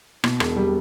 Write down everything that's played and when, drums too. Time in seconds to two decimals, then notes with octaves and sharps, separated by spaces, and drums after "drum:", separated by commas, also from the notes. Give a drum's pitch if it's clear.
0.24 B2, drum: rim click
0.40 E1, drum: rim click
0.56 G3